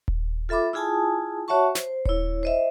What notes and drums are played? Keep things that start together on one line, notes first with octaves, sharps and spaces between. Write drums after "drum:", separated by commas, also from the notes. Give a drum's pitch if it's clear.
drum: kick D#1
F4 A4 E5 B5 D6
E4 F4 G#4 G#5 A5 D#6
F#4 C#5 E5 F#5 A5 C#6
C5, drum: snare
E4 C#5, drum: kick D#1
C5 D#5 E5